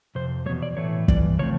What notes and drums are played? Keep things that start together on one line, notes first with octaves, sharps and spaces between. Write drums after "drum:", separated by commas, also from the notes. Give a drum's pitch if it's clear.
F2 C3 C5
G3 C#5
E2 B2
D5
A2 E3 A3 C#5
G2 E3 D5, drum: kick
C#3 F3 A3 C4 C#5